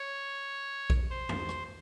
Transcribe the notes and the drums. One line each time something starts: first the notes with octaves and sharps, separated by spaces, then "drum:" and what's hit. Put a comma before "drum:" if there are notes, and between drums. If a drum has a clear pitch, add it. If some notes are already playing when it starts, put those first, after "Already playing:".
Already playing: C#5
drum: kick A#1
C5
drum: tom
drum: rim click